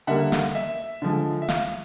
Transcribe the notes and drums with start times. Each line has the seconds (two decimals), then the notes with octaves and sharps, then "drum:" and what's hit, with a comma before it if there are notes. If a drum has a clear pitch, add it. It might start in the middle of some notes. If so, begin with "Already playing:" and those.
0.07 D3 G3 A#3 E5 F#5
0.32 F5, drum: snare
0.55 E5
1.02 D3 F3 G#3
1.42 E5
1.48 F5, drum: snare